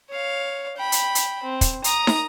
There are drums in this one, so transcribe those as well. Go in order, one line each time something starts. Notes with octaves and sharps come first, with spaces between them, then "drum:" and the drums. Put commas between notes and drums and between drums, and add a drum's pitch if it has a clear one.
C#5 F5
G5 B5
drum: hi-hat
drum: hi-hat
C4
drum: kick, hi-hat
A#5 D#6, drum: hi-hat
drum: snare